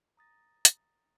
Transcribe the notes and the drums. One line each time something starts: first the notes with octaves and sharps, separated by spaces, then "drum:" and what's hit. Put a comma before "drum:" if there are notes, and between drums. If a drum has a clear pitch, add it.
A#5 D#6 A6 A#6
drum: hi-hat